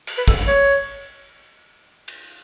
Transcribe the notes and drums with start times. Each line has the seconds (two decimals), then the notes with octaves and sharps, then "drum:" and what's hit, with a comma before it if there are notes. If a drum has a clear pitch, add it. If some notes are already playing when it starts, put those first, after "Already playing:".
0.07 drum: cymbal
0.18 B4
0.28 A4, drum: kick
0.47 C#5
2.08 drum: cymbal